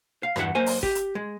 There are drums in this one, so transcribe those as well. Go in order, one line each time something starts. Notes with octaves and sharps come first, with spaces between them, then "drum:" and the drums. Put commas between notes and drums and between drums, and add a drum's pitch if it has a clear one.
F5
E2 G2 E3 E5 F#5, drum: rim click
B1 A#3 C5 G#5
drum: open hi-hat
G4, drum: kick
drum: hi-hat
G#3